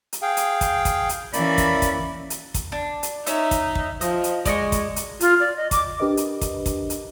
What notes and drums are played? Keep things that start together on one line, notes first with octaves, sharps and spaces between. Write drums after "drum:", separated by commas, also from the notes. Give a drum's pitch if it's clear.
drum: hi-hat
G#4 F5 G5
drum: hi-hat
drum: kick, hi-hat
drum: kick, hi-hat
drum: hi-hat
E3 A#3 C#4 D5 B5, drum: hi-hat
drum: kick, hi-hat
drum: kick, hi-hat
drum: hi-hat
drum: kick, hi-hat
D4
drum: hi-hat
C#4 D#4 E5, drum: hi-hat
drum: kick, hi-hat
drum: kick
F3 D#5, drum: hi-hat
drum: hi-hat
G#3 D5 D#5 C#6, drum: kick, hi-hat
drum: kick, hi-hat
drum: hi-hat
F4, drum: hi-hat
D5
D#5
D6, drum: kick, hi-hat
D4 G4 A#4 B4 D#5 D6
drum: hi-hat
drum: kick, hi-hat
drum: kick, hi-hat
drum: hi-hat